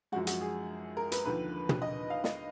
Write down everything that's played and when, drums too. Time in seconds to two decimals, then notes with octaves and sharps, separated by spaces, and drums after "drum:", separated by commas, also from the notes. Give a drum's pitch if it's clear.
0.12 F#2 F3 G#3 F#4
0.27 F#4, drum: hi-hat
0.41 G#4
0.97 A#4
1.12 B4, drum: hi-hat
1.25 D#2 D3 F3 B4
1.69 drum: tom
1.82 D#5
2.10 F5
2.24 D#5, drum: snare